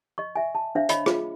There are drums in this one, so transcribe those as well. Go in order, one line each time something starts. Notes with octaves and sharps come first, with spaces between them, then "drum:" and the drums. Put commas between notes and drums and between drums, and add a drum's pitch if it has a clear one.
D#5 C#6
E5 G#5
A5
D4 C5 E5 F5
C#5 D#5 B5, drum: hi-hat
F4 G#4, drum: rim click